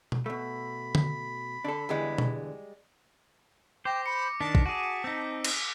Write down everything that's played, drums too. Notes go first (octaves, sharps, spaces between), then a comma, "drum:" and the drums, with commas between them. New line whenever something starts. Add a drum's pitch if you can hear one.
drum: tom B2
B2 A3 B5
drum: tom D3
D3 D4 A4
E2 D3 E3 G3 G#3
drum: tom B2
C5 G5 D6 A#6
B5 C#7
D#3 D4 A5 B6
drum: kick
F#4 G#4 A5 D7
C4 D#4 E6 B6
drum: cymbal